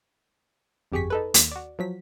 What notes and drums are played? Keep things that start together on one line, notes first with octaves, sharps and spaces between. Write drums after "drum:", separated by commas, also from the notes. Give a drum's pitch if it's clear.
G1 F2 G4 G#4 C#6 B6
D#4 A4 B4
D#2, drum: hi-hat
F#4 D5
F3 F#3 B6